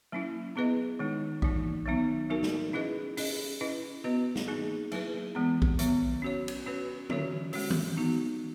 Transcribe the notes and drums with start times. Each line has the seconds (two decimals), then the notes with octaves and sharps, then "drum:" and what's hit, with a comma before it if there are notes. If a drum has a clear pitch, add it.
0.12 F#3 A#3 C#4 E4
0.56 B3 E4 G#4 B4 D#5
0.99 D#3 G#3 D#4
1.42 E3 A#3 D#4, drum: kick A#1
1.86 D#3 F#3 B3 D#4
2.30 F#3 A#3 D#4 F#4 A#4
2.43 drum: snare
2.73 C#4 E4 G#4 B4 D#5
3.17 C#4 G#4 D#5, drum: open hi-hat
3.61 C#4 E4 B4 D#5
4.04 B3 F#4 B4 D#5
4.36 drum: snare
4.48 A#3 D#4 G#4
4.92 F#3 A#3 E4 G#4 B4, drum: cymbal
5.35 E3 G#3 B3
5.62 drum: kick A#1
5.79 D#3 F#3 B3, drum: hi-hat
6.22 C#4 F#4 C#5
6.48 drum: cymbal
6.66 C#4 F#4 B4
7.10 F#3 C#4 F#4 C#5, drum: tom
7.53 G#3 C#4 F#4, drum: open hi-hat
7.70 drum: tom D#3
7.97 B3 D#4 F#4